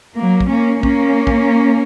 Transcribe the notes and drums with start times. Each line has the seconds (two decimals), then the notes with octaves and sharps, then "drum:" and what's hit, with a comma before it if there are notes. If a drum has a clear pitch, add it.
0.18 F#3 A#3
0.40 drum: kick
0.52 A#3 C#4
0.83 A#3 C#4, drum: kick
1.27 drum: kick